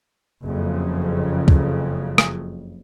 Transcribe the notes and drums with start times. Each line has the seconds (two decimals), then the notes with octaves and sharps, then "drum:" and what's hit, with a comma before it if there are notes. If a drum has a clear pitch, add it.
0.42 F#1 F2 C#3
1.48 drum: kick
2.18 drum: rim click